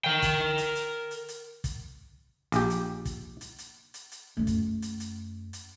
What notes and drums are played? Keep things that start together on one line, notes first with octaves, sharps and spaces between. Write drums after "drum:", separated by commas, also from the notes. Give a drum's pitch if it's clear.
A#4 G5
drum: kick, hi-hat
drum: hi-hat
drum: hi-hat
drum: hi-hat
drum: hi-hat
drum: kick, hi-hat
A#1 G4, drum: hi-hat
drum: hi-hat
drum: kick, hi-hat
drum: hi-hat
drum: hi-hat
drum: hi-hat
drum: hi-hat
F#2 A3
drum: kick, hi-hat
drum: hi-hat
drum: hi-hat
drum: hi-hat